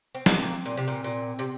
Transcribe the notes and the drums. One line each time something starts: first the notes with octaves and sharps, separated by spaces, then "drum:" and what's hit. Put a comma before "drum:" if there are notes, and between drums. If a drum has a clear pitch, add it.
C4
A#3 C4, drum: snare
A#2
C3
A#2
A#2
C3